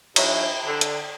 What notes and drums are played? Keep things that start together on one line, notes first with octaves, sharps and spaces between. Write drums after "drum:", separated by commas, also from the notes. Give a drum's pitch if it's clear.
G2 F3 D#4 C#5 E5, drum: cymbal
D3
drum: hi-hat